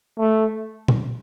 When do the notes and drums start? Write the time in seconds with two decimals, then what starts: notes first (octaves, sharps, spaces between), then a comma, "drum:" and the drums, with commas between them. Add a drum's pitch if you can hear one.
0.19 A3
0.88 drum: tom A#2